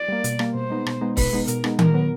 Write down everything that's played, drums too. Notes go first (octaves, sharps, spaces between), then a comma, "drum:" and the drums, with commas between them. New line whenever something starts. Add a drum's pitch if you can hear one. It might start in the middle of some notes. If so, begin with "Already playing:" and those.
Already playing: D5
G3 A#3
B2, drum: hi-hat
G3 A#3, drum: rim click
B2 C5
G#3 B3 D#4
B2, drum: rim click
G#3 B3 D#4
B2 B4, drum: kick, open hi-hat
G#3 B3 D#4
B2 A#4, drum: hi-hat
G#3 B3 D#4, drum: rim click
A#2 A#4, drum: tom D#3
F#3 B3